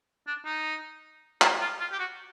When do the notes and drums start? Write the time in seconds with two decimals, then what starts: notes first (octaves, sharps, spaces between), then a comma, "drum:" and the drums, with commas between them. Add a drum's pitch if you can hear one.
0.27 D4
0.46 D#4
1.42 E4, drum: clap
1.61 F4
1.80 F4
1.92 G4
1.99 F#4